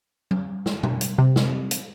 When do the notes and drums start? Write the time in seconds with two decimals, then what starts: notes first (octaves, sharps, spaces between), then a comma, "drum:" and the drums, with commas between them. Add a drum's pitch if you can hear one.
0.31 drum: tom F#3
0.66 drum: snare
0.83 drum: tom B2
1.01 drum: hi-hat
1.18 C3
1.36 drum: snare
1.71 drum: hi-hat